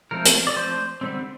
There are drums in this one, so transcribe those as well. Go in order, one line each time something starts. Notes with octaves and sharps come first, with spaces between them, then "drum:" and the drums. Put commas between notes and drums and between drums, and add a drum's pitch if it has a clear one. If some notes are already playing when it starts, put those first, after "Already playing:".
F3 A3 C4 A#4
drum: hi-hat
D5
F3 A3 C4 C5
D3 G3 C4